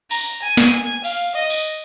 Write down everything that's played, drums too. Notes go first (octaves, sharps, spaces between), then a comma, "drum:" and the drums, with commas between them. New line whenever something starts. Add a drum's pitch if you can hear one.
A#5, drum: cymbal
G#5
drum: snare
G#5
F5, drum: cymbal
D#5
drum: cymbal